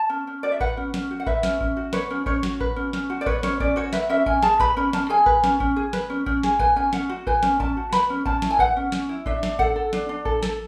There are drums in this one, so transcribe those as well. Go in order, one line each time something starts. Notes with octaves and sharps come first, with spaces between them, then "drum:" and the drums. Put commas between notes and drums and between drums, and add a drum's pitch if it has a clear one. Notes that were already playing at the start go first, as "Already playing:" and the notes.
Already playing: A5
C#4
C#4
F#4 D5
E5
B4 F#5, drum: kick A1
C#4
C#4, drum: snare
F#4
F#5
B4 E5, drum: kick A1
C#4, drum: snare
C#4, drum: kick A1
F#4
B4 C#5, drum: snare
C#4
C#4 C#5, drum: kick A1
F#4, drum: snare
B4, drum: kick A1
C#4
C#4, drum: snare
F#4
D5
B4 C#5, drum: kick A1
C#4 C#5, drum: snare
C#4 D5, drum: kick A1
F#4 C#5
B4 E5, drum: snare
C#4 E5
C#4 G#5, drum: kick A1
G#4 A5, drum: snare
B4 B5, drum: kick A1
C#4 B5
C#4 A5, drum: snare
G#4 G#5
B4, drum: kick A1
C#4, drum: snare
C#4, drum: kick A1
G#4
B4, drum: snare
C#4
C#4, drum: kick A1
G#4, drum: snare
B4 G#5, drum: kick A1
C#4 G#5
C#4 F#5, drum: snare
F#4
B4 G#5, drum: kick A1
C#4, drum: snare
C#4 A5, drum: kick A1
F#4
B4 B5, drum: snare
C#4
C#4 A5, drum: kick A1
E4, drum: snare
G#5
B4 F#5, drum: kick A1
C#4
C#4, drum: snare
E4
D4 E5, drum: kick A1
D4, drum: snare
A4 F#5, drum: kick A1
A4
D4, drum: snare
D4
A4, drum: kick A1
A4, drum: snare